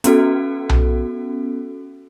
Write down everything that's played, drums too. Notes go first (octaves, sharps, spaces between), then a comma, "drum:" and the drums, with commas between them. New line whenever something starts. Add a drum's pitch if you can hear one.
B3 C#4 F#4 A4, drum: hi-hat
drum: tom B1